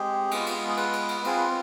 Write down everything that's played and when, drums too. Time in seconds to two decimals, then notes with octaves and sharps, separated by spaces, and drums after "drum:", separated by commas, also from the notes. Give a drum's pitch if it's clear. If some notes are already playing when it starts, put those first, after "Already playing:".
Already playing: G#3 C4 G4 G#4
0.31 G#3 B3 F4, drum: cymbal
0.46 drum: cymbal
0.68 G#4
0.77 B4, drum: cymbal
0.93 drum: cymbal
1.09 drum: cymbal
1.24 C4 F4 G#4, drum: cymbal
1.37 B4